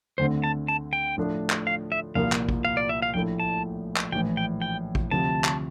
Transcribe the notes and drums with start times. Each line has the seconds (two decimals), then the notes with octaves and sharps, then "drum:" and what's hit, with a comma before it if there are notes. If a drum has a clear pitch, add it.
0.18 D2 D3 A3 C4 C5
0.44 A5
0.68 A5
0.93 G5
1.17 A2 F3 A3 D4
1.50 drum: clap
1.67 F5
1.92 E5
2.15 C2 A#2 F3 A#3 F5
2.32 drum: clap
2.49 drum: kick
2.65 F5
2.77 D5
2.89 E5
3.02 F5
3.14 A#1 A2 F3 A3 E4 G5
3.40 A5
3.96 drum: clap
4.12 A#1 A2 E3 G5
4.37 G5
4.62 G5
4.95 drum: kick
5.11 D2 C3 F3 C4 A5
5.44 drum: clap